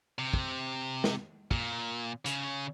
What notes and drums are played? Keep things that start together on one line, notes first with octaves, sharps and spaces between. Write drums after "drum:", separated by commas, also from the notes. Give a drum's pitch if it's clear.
C3
drum: kick
drum: snare
A#2, drum: kick
C#3, drum: hi-hat